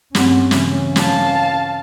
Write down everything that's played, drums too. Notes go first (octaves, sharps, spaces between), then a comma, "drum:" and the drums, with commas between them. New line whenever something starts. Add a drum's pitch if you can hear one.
G2 C4 C#4 F#5, drum: snare
C#3 E3, drum: snare
F5 A5, drum: snare